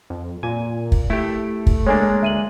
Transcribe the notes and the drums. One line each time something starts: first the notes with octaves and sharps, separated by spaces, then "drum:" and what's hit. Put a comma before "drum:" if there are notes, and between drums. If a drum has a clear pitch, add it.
F2
A#2 G#5
drum: kick
A3 E4 G4
drum: kick
G#3 A#3 D4 C#5 G#5
D2 E5 D#7 F#7